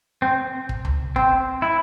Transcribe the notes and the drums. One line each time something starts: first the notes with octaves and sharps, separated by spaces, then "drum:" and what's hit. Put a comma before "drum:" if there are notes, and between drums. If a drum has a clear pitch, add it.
C4
drum: kick
drum: tom C#2
C4, drum: kick
E4